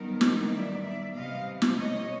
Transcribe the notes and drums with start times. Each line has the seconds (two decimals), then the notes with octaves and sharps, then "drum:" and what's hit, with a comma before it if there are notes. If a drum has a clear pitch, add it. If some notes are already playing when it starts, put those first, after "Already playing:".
Already playing: F#2 D#3 G3 B3 D#4 A#4
0.21 drum: snare
0.53 D5 E5
0.85 D5 E5
1.16 C3 E3 G3 D#5 F5
1.62 drum: snare
1.79 C#5 D#5